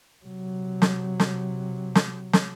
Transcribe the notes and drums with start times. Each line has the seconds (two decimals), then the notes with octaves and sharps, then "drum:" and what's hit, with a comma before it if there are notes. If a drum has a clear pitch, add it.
0.25 C3 F#3
0.82 drum: snare
1.20 drum: snare
1.95 drum: snare
2.33 drum: snare